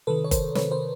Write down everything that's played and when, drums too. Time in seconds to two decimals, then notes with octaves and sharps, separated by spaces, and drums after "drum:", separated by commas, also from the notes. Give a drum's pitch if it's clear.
0.07 C3 D#3 A4 B4
0.24 C#5
0.31 A#4 C5, drum: kick G1, hi-hat
0.55 C3 D#3 B4 C#5, drum: snare
0.71 A#4 C5